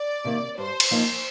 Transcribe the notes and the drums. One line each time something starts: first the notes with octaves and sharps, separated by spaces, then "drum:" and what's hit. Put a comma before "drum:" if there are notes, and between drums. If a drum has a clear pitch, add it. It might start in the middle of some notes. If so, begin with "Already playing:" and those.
Already playing: D5
C3 D#3 A#3
G2 C5
drum: cymbal
F3 A#3 D#4